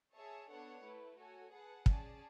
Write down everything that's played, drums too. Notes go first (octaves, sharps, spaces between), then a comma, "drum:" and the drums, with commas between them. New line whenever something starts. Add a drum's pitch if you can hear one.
G#4 C#5 E5 A5
B3 D4 A4 C#5 F#5
A3 E4 B4
F#4 A4 C#5 G#5
G#4 B4 F#5 A5
C#4 G#4 D5 A5, drum: kick